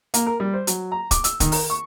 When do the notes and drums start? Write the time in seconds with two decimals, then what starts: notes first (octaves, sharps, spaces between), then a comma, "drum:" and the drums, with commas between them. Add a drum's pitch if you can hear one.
0.14 A#3, drum: hi-hat
0.26 A#4
0.40 G3
0.54 C5
0.67 F#3, drum: hi-hat
0.92 A#5
1.11 D6, drum: kick, hi-hat
1.24 E6, drum: hi-hat
1.40 D#3, drum: kick, hi-hat
1.52 A#4, drum: open hi-hat
1.70 C#6